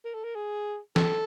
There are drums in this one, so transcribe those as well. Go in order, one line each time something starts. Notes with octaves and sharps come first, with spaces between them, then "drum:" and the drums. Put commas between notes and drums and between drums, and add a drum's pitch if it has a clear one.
A#4
A4
A#4
G#4
A4, drum: snare